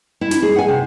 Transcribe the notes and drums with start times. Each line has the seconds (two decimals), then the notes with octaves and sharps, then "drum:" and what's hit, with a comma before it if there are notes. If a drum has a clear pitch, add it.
0.21 E4
0.31 drum: snare
0.42 G#4
0.56 F#5 G#5
0.68 C3